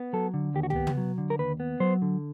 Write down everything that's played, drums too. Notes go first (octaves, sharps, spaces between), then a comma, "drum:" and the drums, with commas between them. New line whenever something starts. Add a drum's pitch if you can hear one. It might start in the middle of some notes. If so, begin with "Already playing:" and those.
Already playing: B3
F#3 A4
D3
D#2 G4
F#4
G4, drum: tom
B3
drum: tom
F#3
D3
A#4
D#2 B4
B3
F#3 C5
D3